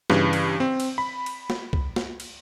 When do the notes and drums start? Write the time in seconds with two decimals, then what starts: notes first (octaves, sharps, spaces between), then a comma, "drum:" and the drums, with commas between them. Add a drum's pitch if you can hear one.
0.10 G2 C#3 E3, drum: snare
0.33 drum: cymbal
0.60 C4
0.80 drum: cymbal
0.98 B5
1.26 drum: cymbal
1.50 drum: snare
1.73 drum: kick
1.96 drum: snare
2.20 drum: cymbal